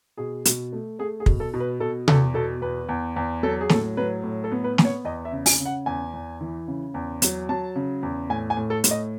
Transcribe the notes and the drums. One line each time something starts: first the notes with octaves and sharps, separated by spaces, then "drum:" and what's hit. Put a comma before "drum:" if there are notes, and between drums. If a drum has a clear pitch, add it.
B2 G#4
B2, drum: hi-hat
A3
A3 G#4
G#4
B2, drum: kick
A4
B2
B4
B2 A4
E2 A4, drum: tom C3
B2 A4
E2 B4
E2
E2
F#3 A4
G#4
A2 A4, drum: snare
F#3 B4
A2
A4
B3
B4
B3, drum: snare
C#5
E2 D#5
E5
C#3
G#5, drum: open hi-hat
C#3
F#5
E2 G#5
E2
E3
C#3
E2
F#3, drum: hi-hat
F#3 A5
C#3
E2
A2 G#5
G#5
A2
A4
A2, drum: hi-hat
D#5